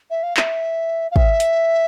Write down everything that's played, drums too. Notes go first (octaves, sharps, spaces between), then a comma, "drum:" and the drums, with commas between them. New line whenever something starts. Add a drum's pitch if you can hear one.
E5
F5
E5, drum: clap
F5
E5, drum: kick
drum: hi-hat